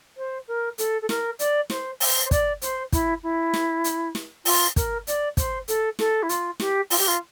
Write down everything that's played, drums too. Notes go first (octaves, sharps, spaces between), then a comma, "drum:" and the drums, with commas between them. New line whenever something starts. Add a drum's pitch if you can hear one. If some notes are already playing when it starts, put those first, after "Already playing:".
C5
A#4
A4, drum: hi-hat
A4
A#4, drum: snare
D5, drum: hi-hat
C5, drum: snare
C5, drum: open hi-hat
C5
D5, drum: kick, hi-hat
C5, drum: hi-hat
E4, drum: kick, hi-hat
E4
drum: snare
drum: hi-hat
drum: snare
F4, drum: open hi-hat
A#4, drum: kick, hi-hat
D5, drum: hi-hat
C5, drum: kick, hi-hat
A4, drum: hi-hat
A4, drum: snare
E4
F4, drum: hi-hat
G4, drum: snare
F4, drum: open hi-hat
G4
F4